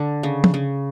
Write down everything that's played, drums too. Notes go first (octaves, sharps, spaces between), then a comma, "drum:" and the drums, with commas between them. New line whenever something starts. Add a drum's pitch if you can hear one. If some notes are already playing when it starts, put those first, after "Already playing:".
Already playing: D3
C#3
drum: tom
C#3